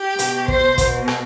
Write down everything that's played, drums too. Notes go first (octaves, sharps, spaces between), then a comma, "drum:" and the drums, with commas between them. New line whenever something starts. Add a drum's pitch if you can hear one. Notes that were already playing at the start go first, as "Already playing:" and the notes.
Already playing: G4
B2, drum: hi-hat
C5, drum: kick
B2, drum: kick, hi-hat
drum: rim click